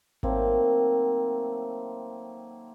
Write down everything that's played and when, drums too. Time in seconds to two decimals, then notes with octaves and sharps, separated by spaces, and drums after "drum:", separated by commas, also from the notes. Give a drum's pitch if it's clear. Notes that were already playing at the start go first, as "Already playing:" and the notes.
0.23 D#3 F#3 A3 A#3 C4, drum: kick G#1